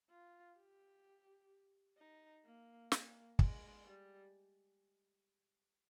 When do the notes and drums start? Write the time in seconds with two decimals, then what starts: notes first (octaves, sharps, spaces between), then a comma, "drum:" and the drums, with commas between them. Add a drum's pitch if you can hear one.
0.10 F4
0.57 G4
1.97 D#4
2.45 A#3
2.92 A#3, drum: snare
3.39 G#3, drum: kick
3.86 G3